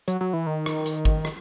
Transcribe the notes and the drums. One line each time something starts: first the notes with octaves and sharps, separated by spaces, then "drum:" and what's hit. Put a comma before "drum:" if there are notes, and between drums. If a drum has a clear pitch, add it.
F#3, drum: hi-hat
F#3
E3
D#3
drum: rim click
drum: hi-hat
drum: kick G#1
drum: rim click